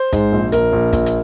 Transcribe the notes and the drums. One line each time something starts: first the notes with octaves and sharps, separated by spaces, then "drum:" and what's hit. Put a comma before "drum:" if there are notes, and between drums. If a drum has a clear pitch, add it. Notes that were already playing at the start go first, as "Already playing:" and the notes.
Already playing: C5
G#2, drum: kick, hi-hat
A#1
A#1 A#4, drum: hi-hat
A#1
A#1, drum: kick, hi-hat
drum: hi-hat